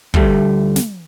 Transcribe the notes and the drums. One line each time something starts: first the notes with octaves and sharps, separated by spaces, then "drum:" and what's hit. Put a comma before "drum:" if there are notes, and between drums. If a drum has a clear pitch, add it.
D2 G3 A3, drum: kick
drum: snare